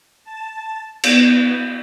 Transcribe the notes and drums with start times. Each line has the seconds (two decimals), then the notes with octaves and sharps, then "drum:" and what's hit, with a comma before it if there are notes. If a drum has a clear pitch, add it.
0.24 A5
1.04 B3, drum: cymbal